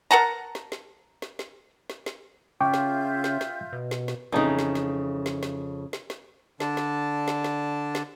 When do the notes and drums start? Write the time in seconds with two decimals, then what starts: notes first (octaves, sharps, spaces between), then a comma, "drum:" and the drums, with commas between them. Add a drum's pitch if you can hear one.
0.11 A#4 F#5 A5 A#5
0.55 drum: snare
0.72 drum: snare
1.22 drum: snare
1.39 drum: snare
1.90 drum: snare
2.06 drum: snare
2.61 C#3 F4 E5 G5 C#6 D6 G6
2.74 drum: snare
3.24 drum: snare
3.41 drum: snare
3.73 B2
3.91 drum: snare
4.08 drum: snare
4.32 F2 C#3 E3 D#4
4.59 drum: snare
4.75 drum: snare
5.26 drum: snare
5.43 drum: snare
5.93 drum: snare
6.10 drum: snare
6.60 D3 D4 A5, drum: snare
6.77 drum: snare
7.28 drum: snare
7.44 drum: snare
7.95 drum: snare